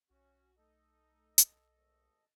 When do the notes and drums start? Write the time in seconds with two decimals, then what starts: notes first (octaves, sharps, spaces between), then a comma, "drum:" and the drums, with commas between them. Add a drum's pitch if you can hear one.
0.10 B1 C#4 F#4
0.57 A3 D#4 A4 D#5
1.38 drum: hi-hat
1.75 G#1 A3